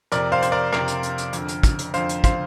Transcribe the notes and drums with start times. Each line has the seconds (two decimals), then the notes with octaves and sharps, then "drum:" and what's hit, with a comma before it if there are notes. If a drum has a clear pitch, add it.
0.12 F2 C3 A#4 D5, drum: hi-hat
0.32 C5 F5
0.42 C5, drum: hi-hat
0.52 A#4 D5
0.73 F2 C3 A#4, drum: rim click
0.88 drum: hi-hat
1.03 drum: hi-hat
1.18 drum: hi-hat
1.33 F2 D3, drum: hi-hat
1.48 drum: hi-hat
1.63 drum: kick, hi-hat
1.79 drum: hi-hat
1.94 F2 D3 C5 F5, drum: hi-hat
2.09 drum: hi-hat
2.24 C5 F5, drum: kick, hi-hat